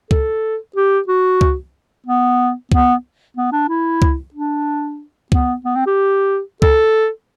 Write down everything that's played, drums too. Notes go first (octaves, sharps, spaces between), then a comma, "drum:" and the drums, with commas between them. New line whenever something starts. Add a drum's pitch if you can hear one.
A4, drum: kick C#2
G4
F#4
drum: kick C#2
B3
B3, drum: kick C#2
B3
D4
E4
drum: kick C#2
D4
B3, drum: kick C#2
B3
C4
G4
A4, drum: kick C#2